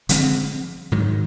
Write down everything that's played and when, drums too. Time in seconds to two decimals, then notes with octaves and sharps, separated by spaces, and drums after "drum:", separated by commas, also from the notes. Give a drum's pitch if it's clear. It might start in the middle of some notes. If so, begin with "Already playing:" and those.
0.09 D3 F3 G#3 C4, drum: hi-hat
0.92 G#2 D#3 F#3